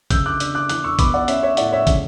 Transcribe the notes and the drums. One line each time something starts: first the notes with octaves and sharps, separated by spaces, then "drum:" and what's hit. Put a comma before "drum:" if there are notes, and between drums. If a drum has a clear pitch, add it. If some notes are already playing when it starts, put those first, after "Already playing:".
C#3 E6 G6, drum: kick, hi-hat
D6 F#6
D4, drum: hi-hat
D6 F#6
E3 D6 F#6, drum: hi-hat
C#6 E6
B3 B5 D6, drum: kick, hi-hat
D5 F#5
C#4 C#5 E5, drum: hi-hat
C#5 E5
A2 D5 F#5, drum: hi-hat
C#5 E5
C#3, drum: kick, hi-hat